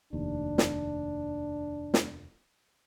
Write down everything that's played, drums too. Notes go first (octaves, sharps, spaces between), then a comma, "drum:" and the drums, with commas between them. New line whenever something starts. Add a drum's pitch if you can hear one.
F1 D#2 D4
drum: snare
drum: snare